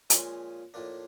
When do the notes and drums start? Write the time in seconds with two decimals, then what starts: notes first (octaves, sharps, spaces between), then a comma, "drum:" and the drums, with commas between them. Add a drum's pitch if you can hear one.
0.10 A#2 F3 G#3 C#4, drum: hi-hat
0.74 A2 F3 A#3 D4